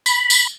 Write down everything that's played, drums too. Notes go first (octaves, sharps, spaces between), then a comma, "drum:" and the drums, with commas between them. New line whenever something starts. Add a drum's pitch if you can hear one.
B5, drum: tambourine
drum: tambourine